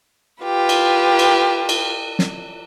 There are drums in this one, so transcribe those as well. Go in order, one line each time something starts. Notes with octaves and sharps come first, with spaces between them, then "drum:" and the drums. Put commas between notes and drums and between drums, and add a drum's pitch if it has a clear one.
F4 G4 B4
drum: cymbal
drum: cymbal
drum: cymbal
drum: snare